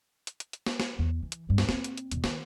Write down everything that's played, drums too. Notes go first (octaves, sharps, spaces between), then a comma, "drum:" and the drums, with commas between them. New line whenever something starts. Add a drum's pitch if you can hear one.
drum: hi-hat
drum: hi-hat
drum: hi-hat
drum: snare
drum: snare
E2
E3
drum: hi-hat
D1 G2
drum: snare
A#3 C4, drum: snare
drum: hi-hat
drum: hi-hat
E2 B2, drum: hi-hat
D#3, drum: snare